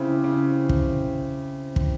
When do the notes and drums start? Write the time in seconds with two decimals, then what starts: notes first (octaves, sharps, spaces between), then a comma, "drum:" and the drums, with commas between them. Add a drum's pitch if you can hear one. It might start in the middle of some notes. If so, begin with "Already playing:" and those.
Already playing: C#3 C4 E4 G4
0.24 C#3
0.69 drum: kick
1.76 drum: kick